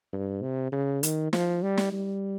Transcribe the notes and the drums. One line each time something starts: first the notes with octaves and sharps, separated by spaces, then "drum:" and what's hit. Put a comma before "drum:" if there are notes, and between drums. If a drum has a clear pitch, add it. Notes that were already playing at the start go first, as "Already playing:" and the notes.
G2
C3
C#3
D#3, drum: hi-hat
F3, drum: snare
G3
drum: snare
G3